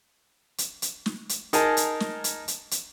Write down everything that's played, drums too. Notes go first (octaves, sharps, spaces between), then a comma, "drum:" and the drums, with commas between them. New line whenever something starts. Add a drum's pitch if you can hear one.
drum: hi-hat
drum: hi-hat
drum: snare
drum: hi-hat
D#4 G#4 A#4 G#5 A5, drum: hi-hat
drum: hi-hat
drum: snare
drum: hi-hat
drum: hi-hat
drum: hi-hat